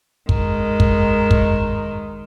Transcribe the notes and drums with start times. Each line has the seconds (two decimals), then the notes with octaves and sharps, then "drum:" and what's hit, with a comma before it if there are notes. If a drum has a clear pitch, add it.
0.29 D#3 G#3, drum: kick
0.80 drum: kick
1.31 drum: kick